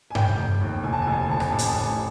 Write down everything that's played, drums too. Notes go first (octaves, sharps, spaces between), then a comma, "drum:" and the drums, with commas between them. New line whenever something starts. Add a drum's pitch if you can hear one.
G#5
F1 G5, drum: tom G2
F1
D#2
F1 G#5
A5
F1 G#5
A5
G#5
F1 A5
G#5, drum: rim click
A1 A5
G#5, drum: hi-hat
A5
A1 G#5